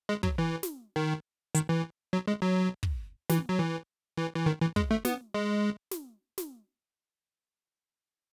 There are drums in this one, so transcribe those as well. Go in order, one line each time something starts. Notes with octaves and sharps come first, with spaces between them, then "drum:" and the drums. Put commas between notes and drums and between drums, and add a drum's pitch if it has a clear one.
G#3
F#3, drum: kick
E3
drum: snare
D#3
D#3, drum: hi-hat
E3
F#3
G#3
F#3
drum: kick
E3, drum: snare
F#3
E3
E3
E3
D#3
E3
G#3, drum: kick
A3
B3, drum: snare
G#3
drum: snare
drum: snare